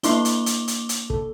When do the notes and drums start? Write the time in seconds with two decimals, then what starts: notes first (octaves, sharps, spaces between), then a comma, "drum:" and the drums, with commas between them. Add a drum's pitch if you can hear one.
0.03 A#3 D4 E4 C6 D6 G7, drum: hi-hat
0.25 drum: hi-hat
0.46 drum: hi-hat
0.68 drum: hi-hat
0.89 drum: hi-hat
1.10 A4, drum: kick